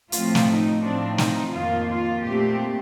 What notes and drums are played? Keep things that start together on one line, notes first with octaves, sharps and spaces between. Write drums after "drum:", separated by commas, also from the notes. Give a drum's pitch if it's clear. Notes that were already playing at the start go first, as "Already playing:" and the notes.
A2 F3 A3 C4 F4, drum: hi-hat
drum: snare
D#4
A2 F3 C4 D4
D#4, drum: snare
F2 D#3 A#3 F4
F4
A#2 A3 C4 G4